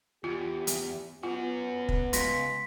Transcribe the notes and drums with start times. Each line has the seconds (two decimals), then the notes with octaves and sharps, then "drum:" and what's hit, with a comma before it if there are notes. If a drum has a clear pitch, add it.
0.24 E2 F4 G4
0.67 drum: hi-hat
1.23 B3 C#4 F4 F#4
1.89 drum: kick
2.13 C#2 C6 A#6 B6, drum: hi-hat